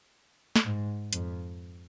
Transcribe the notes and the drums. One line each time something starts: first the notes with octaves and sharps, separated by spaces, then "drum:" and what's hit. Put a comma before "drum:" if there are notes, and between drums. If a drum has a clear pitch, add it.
drum: snare
G#2
F2, drum: hi-hat